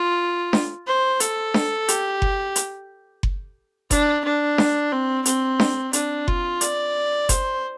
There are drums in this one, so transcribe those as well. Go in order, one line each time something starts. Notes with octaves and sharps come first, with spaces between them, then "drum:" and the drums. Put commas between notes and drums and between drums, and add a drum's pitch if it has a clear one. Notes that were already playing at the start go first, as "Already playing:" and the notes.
Already playing: F4
drum: snare D4
C5
A4, drum: hi-hat
drum: snare D4
G4, drum: hi-hat
drum: kick F#1
drum: hi-hat
drum: kick F#1
D4, drum: kick F#1, hi-hat
D4
drum: snare D4
C4
C4, drum: hi-hat
drum: snare D4
D4, drum: hi-hat
F4, drum: kick F#1
D5, drum: hi-hat
C5, drum: kick F#1, hi-hat